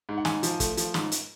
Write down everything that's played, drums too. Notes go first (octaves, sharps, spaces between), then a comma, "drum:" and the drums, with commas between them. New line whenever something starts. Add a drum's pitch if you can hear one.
G#2
F#5
G#2 G#5, drum: snare
F3, drum: hi-hat
A3, drum: kick, hi-hat
F3, drum: hi-hat
G#2, drum: snare
drum: hi-hat